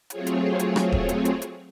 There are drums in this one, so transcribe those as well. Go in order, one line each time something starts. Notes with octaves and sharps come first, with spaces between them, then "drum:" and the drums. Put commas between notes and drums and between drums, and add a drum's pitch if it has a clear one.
F#3 A3 C4 F4 G#4 C#5, drum: hi-hat
drum: hi-hat
drum: hi-hat
drum: rim click
drum: kick D#1
drum: hi-hat
drum: hi-hat
drum: hi-hat